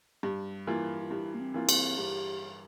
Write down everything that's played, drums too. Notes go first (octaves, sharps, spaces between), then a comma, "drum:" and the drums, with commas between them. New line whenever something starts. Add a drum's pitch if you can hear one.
G2
E3 A#3 F4
F4
G2 E4
A#3
C4
E3 A#3 F4
C4, drum: cymbal
G2 G4